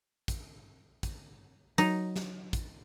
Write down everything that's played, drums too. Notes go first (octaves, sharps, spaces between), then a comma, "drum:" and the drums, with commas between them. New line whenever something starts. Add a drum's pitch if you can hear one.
drum: kick, hi-hat
drum: kick, hi-hat
F#3 D#4, drum: hi-hat
drum: snare
drum: kick, hi-hat